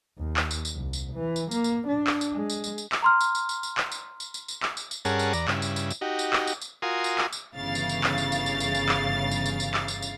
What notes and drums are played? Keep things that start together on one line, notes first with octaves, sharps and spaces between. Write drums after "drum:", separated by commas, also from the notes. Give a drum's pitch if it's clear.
D#2
drum: clap
drum: tambourine
drum: tambourine
C2
drum: tambourine
E3
drum: tambourine
A#3, drum: tambourine
drum: tambourine
D4
drum: clap
drum: tambourine
G#3
drum: tambourine
drum: tambourine
drum: tambourine
drum: clap
A#5 C6 F6
drum: tambourine
drum: tambourine
drum: tambourine
drum: tambourine
drum: clap
drum: tambourine
drum: tambourine
drum: tambourine
drum: tambourine
drum: clap
drum: tambourine
drum: tambourine
G2 C#4 G#4 A#4 F#5 A5, drum: tambourine
drum: tambourine
E2 D5 A#5, drum: tambourine
G2 C#3 E4, drum: clap
drum: tambourine
drum: tambourine
drum: tambourine
D#4 F#4 G4
drum: tambourine
drum: clap
drum: tambourine
drum: tambourine
F4 F#4 A#4 G#5 C6 D#6
drum: tambourine
drum: clap
drum: tambourine
G1 C#3 E3 F5 A6
drum: tambourine
drum: tambourine
drum: clap
drum: tambourine
drum: tambourine
drum: tambourine
drum: tambourine
drum: tambourine
drum: clap
drum: tambourine
drum: tambourine
drum: tambourine
drum: clap
drum: tambourine
drum: tambourine